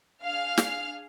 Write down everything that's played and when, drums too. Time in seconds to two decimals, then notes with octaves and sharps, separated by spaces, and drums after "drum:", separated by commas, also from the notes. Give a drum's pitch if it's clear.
0.23 D4 G#4 F5 F6
0.58 drum: snare